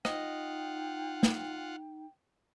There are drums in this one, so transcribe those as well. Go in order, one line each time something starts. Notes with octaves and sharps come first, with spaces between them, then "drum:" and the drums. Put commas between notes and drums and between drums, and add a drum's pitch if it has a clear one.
D#4 F4 D#5 F#5 G5, drum: rim click
drum: snare